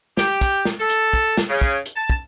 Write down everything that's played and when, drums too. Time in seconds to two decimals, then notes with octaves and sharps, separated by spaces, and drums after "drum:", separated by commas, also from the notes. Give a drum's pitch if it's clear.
0.17 G4, drum: snare
0.41 drum: kick, hi-hat
0.65 drum: snare
0.80 A4
0.89 drum: hi-hat
1.13 drum: kick
1.37 drum: snare
1.49 C#3
1.61 drum: kick
1.85 drum: hi-hat
1.96 A5
2.10 drum: kick